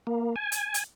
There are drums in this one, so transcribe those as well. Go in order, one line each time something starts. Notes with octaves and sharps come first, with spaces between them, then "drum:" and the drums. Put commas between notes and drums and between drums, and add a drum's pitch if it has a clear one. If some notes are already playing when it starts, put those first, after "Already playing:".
A#3
G#5
drum: hi-hat
drum: hi-hat